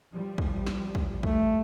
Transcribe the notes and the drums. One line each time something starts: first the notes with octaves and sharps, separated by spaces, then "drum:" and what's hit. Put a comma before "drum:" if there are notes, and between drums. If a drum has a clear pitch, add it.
F3 G3
drum: kick
drum: snare
drum: kick
A3, drum: kick